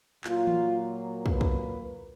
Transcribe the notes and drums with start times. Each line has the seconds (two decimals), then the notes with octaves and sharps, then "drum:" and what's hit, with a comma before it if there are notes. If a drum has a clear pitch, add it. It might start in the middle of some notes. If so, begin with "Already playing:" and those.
0.24 A#2 F#3 A#3 F4, drum: clap
0.47 drum: tom E3
1.26 B4, drum: kick
1.41 drum: kick